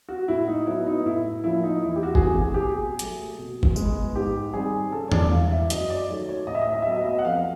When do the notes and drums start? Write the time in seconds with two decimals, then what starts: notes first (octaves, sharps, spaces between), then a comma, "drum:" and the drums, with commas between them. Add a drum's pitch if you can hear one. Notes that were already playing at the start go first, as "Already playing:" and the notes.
0.09 F#4
0.28 A2 E4
0.48 D#4
0.67 F#3 B3 E4
0.87 D#4
1.06 A2 E4
1.44 F3 A#3 C#4 E4
1.64 D#4
1.83 E2 E4
1.96 G4
2.03 F#4
2.15 G#4, drum: kick
2.22 C#3 E3 A3 C4 G4
2.41 G#4
2.54 G4
2.60 B2 G#4
2.99 F#3 A3, drum: hi-hat
3.39 B2
3.63 drum: kick
3.76 G#3 B3, drum: tambourine
4.16 G#2 G4
4.53 D#3 G3 C4 G#4
4.92 C#3 A4
5.08 C#5
5.12 D5, drum: tom E2
5.31 E3 G#3 F5
5.51 E5
5.70 F#2 D#5, drum: hi-hat
5.90 D5
6.09 D#3 F#3 A3 C#5
6.29 C#5
6.47 A2 D#5
6.55 E5
6.62 D#5
6.69 E5
6.75 D#5
6.82 E5
6.86 F#3 B3 D#5
6.96 E5
7.04 D#5
7.19 F#5
7.24 F2 F5